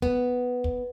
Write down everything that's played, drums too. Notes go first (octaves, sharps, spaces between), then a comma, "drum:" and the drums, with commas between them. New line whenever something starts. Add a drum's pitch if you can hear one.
B3, drum: kick
drum: kick